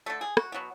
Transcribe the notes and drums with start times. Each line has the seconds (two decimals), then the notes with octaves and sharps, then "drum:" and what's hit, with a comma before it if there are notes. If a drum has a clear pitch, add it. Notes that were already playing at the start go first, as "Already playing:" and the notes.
0.06 D3 A3 A4
0.21 G#4
0.37 F#4, drum: rim click
0.52 B2 F#3 B3